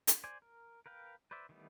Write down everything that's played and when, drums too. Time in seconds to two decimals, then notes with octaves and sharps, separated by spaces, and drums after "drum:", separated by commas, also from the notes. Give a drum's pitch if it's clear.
0.07 drum: hi-hat
0.24 C5 D5 G#5
0.42 A#4
0.86 A#4 B4 F5 G5
1.31 B4 C5 D5 E5
1.49 D#3 E3 G3 A3 B3